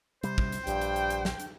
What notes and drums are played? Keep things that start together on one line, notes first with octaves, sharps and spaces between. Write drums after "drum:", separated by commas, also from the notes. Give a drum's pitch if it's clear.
C3 G3 C5, drum: hi-hat
drum: kick
drum: hi-hat
A#1 G2 G5, drum: hi-hat
drum: hi-hat
drum: hi-hat
drum: hi-hat
drum: snare
drum: hi-hat